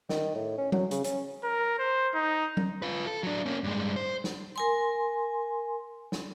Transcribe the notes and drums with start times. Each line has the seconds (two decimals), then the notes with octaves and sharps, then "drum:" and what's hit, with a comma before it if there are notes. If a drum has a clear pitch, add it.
0.09 D#3, drum: snare
0.35 A2
0.58 C#4
0.72 F#3, drum: tom F#3
0.91 C#3, drum: hi-hat
1.04 C#4, drum: hi-hat
1.43 A#4
1.78 C5
2.14 D#4
2.57 drum: tom F#3
2.82 F4 B4
3.07 A4
3.23 F#3 D4
3.46 A#3 C#4
3.64 G2 G#3
3.96 C5
4.24 drum: snare
4.56 A#4 G#5 C6
6.12 drum: snare